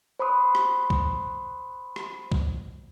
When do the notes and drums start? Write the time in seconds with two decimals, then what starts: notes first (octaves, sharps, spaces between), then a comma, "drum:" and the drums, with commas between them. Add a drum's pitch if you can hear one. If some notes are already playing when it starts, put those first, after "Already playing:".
0.19 C5 B5 C6 D#6
0.55 drum: rim click
0.90 drum: kick C2
1.96 drum: rim click
2.32 drum: kick C2